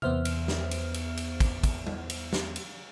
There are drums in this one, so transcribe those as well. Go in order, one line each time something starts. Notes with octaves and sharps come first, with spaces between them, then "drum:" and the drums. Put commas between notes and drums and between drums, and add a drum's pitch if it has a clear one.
E2 B3 C5 E5 F6, drum: tom C3
drum: cymbal
drum: snare
drum: cymbal
drum: cymbal
drum: cymbal
drum: kick, cymbal
drum: kick, cymbal
drum: tom G3
drum: cymbal
drum: snare
drum: cymbal